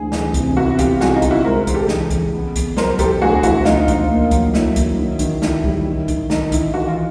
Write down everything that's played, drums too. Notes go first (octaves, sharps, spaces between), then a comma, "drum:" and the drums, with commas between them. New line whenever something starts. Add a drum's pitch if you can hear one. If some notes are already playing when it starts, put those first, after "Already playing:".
Already playing: D2 E3 G#4
E3, drum: snare
C3, drum: kick C2, hi-hat
B3 E4 F#4
B3 F4 G4, drum: kick C2, hi-hat
G3 F#4 G#4, drum: snare
D#4 F4
D3, drum: kick C2, hi-hat
E4 F#4
C#2 A#4 C5
G#3, drum: kick C2, hi-hat
G4 A4
E3, drum: snare
C#3, drum: kick C2, hi-hat
B3
B3, drum: kick C2, hi-hat
F#3 A#4 C5, drum: snare
B2 G4 A4, drum: kick C2, hi-hat
D2 F#4 G#4
F3 E4 F#4, drum: kick C2, hi-hat
D2 D#4 F4, drum: snare
D2, drum: kick C2, hi-hat
A#3
F#3, drum: kick C2, hi-hat
F#3 E4, drum: snare
F#3, drum: kick C2, hi-hat
D#3
D#3, drum: kick C2, hi-hat
D#3 E4, drum: snare
G3, drum: kick C2
D#3
D#3, drum: kick C2, hi-hat
D#3 D#4, drum: snare
D#3 E4, drum: kick C2, hi-hat
E3 F#4
F4